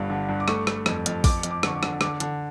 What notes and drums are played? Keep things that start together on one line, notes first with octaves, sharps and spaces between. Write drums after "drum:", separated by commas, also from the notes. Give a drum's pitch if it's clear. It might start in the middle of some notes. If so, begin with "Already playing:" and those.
Already playing: G1 G2 F5
D3
G2
D6
A3 C#6, drum: rim click
A3, drum: rim click
F2, drum: rim click
F2, drum: hi-hat
F2 D6, drum: kick A1, open hi-hat
F2, drum: hi-hat
D6
D3 C#6, drum: rim click
D6
D3, drum: rim click
D3 D6, drum: rim click
D3, drum: hi-hat